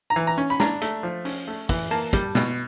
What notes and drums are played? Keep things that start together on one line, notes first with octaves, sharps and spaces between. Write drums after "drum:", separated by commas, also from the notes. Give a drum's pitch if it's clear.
A#5
E3
A#5
C#4
B5
D4 A#5, drum: snare
A3, drum: hi-hat
F3
C#4, drum: open hi-hat
A3
E3, drum: kick, open hi-hat
A#3 A5
G3, drum: kick, hi-hat
B2, drum: snare